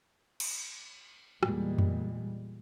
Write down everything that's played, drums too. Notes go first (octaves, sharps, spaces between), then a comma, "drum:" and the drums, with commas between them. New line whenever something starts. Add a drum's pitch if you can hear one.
drum: cymbal
E2 A#2 G3 G#3, drum: rim click
drum: tom F2